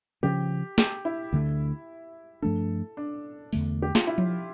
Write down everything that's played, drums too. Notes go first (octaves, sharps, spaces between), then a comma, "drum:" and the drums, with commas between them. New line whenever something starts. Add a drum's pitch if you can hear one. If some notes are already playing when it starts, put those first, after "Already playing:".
C#3 F3 C#4 G4
G4, drum: snare
E4
D2 D3 A3
G2 F3 A3 D4 A4
D4
E2 D3 A3, drum: open hi-hat
G4
F4, drum: snare
E4
drum: tom F3